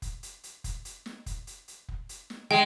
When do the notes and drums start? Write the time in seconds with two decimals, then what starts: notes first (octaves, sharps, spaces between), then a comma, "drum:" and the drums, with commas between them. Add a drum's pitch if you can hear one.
0.02 drum: kick, hi-hat
0.23 drum: hi-hat
0.43 drum: hi-hat
0.64 drum: kick, hi-hat
0.85 drum: hi-hat
1.06 drum: snare
1.26 drum: kick, hi-hat
1.47 drum: hi-hat
1.68 drum: hi-hat
1.88 drum: kick
2.09 drum: hi-hat
2.30 drum: snare
2.51 G#3 G5